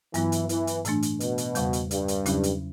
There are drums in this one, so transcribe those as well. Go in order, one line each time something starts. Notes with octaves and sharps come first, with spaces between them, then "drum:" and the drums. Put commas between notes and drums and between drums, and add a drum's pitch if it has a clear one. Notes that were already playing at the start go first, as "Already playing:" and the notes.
G2 E3 F#3 B3, drum: hi-hat
drum: hi-hat
E3, drum: hi-hat
drum: hi-hat
A2 E3 A3 D4, drum: hi-hat
drum: hi-hat
B2, drum: hi-hat
drum: hi-hat
E2 C#3 G3, drum: hi-hat
drum: hi-hat
G2, drum: hi-hat
drum: hi-hat
E2 C#3 F#3 C#4 E4, drum: hi-hat
drum: hi-hat